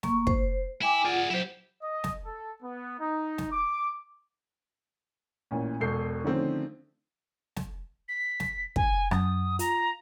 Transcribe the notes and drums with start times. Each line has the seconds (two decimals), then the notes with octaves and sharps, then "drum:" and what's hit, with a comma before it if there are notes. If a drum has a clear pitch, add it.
0.03 A#3 C#6, drum: snare
0.27 C5, drum: kick
0.82 E4 G5 G#5 D6
1.05 F4 G#4 D5 F#5
1.30 F#3 E4 G4 C5
1.83 D#5
2.04 drum: snare
2.25 A4
2.62 B3
3.00 D#4
3.38 drum: snare
3.52 D6
5.51 A1 A#2 C#4
5.80 E1 B2 A4 G6 C7
6.24 D3 D#3 F3 A3 C4 C#4
7.56 drum: snare
8.08 B6
8.40 drum: snare
8.76 G#5, drum: kick
9.11 F#2 D#6, drum: rim click
9.59 F4 A#5, drum: hi-hat